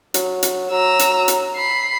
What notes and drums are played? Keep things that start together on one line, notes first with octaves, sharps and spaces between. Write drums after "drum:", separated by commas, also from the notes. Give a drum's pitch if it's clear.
F#3, drum: hi-hat
drum: hi-hat
F#3 A#5 E6
drum: hi-hat
drum: hi-hat
B5 C7